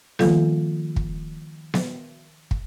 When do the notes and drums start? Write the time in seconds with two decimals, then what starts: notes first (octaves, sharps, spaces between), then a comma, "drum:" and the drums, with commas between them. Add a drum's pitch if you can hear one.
0.19 D#3 F3 G3 A#3 F4 A4, drum: snare B3
0.96 drum: kick
1.74 drum: snare B3
2.51 drum: kick